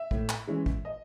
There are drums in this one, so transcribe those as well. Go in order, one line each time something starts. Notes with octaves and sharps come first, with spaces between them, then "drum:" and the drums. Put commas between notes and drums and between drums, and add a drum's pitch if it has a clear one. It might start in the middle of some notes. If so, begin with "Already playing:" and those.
Already playing: E5
A2, drum: kick
drum: clap
E3 G#3 C#4
drum: kick
D#5